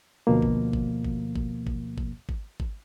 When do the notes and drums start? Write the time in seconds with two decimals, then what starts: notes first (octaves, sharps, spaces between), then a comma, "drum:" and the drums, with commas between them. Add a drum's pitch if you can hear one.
0.27 D2 B2 F3 A#3
0.42 drum: kick G#1
0.73 drum: kick G#1
1.04 drum: kick G#1
1.36 drum: kick G#1
1.67 drum: kick G#1
1.98 drum: kick G#1
2.29 drum: kick G#1
2.60 drum: kick G#1